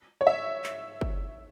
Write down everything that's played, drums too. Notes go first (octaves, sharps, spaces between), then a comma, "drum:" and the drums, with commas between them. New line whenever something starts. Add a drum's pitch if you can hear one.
C#5
E5
drum: clap
drum: kick